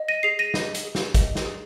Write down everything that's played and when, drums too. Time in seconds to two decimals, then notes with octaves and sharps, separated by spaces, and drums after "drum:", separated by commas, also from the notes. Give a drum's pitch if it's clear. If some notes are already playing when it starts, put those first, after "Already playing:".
Already playing: D#5
0.08 A#6 D#7
0.23 G#4 C7 F7
0.39 A#6 D#7
0.54 D#5, drum: snare
0.74 drum: hi-hat
0.85 G#4
0.95 drum: snare
1.15 D#5, drum: kick G#1, hi-hat
1.35 drum: snare
1.46 G#4